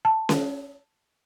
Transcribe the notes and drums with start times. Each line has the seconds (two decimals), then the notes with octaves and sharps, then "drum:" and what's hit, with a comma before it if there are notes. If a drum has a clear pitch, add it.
0.05 A5
0.29 drum: snare C#4